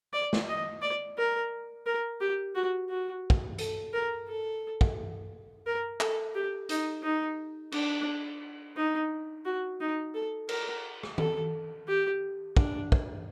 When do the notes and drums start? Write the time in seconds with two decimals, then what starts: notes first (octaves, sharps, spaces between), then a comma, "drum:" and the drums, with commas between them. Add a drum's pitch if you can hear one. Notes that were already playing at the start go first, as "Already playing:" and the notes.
0.13 D5
0.33 drum: snare
0.49 D#5
0.82 D5
1.18 A#4
1.86 A#4
2.20 G4
2.55 F#4
2.89 F#4
3.30 drum: kick
3.59 A4, drum: hi-hat
3.93 A#4
4.28 A4
4.81 drum: kick
5.66 A#4
6.00 A4, drum: clap
6.34 G4
6.69 D#4, drum: hi-hat
7.03 D#4
7.72 D4, drum: cymbal
8.76 D#4
9.45 F#4
9.80 D#4
10.14 A4
10.49 A#4, drum: cymbal
11.03 drum: rim click
11.18 A4, drum: tom D#3
11.88 G4
12.57 D4, drum: kick
12.92 drum: kick